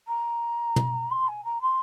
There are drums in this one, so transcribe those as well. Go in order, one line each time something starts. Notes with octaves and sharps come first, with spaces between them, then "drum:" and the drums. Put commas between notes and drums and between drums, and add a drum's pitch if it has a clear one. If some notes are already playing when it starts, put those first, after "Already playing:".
A#5
drum: tom
C6
G#5
A#5
C6